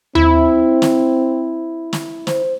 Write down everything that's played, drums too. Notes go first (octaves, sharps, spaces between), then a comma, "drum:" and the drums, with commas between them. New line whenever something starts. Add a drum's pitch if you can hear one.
C4 E4, drum: tom D#2
drum: snare
drum: snare
C5, drum: snare